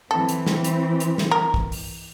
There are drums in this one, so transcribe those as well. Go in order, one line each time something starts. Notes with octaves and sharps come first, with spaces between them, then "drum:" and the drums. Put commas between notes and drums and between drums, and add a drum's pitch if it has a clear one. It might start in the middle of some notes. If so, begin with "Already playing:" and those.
E3 C4 A4
drum: hi-hat
drum: snare
drum: hi-hat
drum: hi-hat
drum: snare
A#4
drum: kick
drum: open hi-hat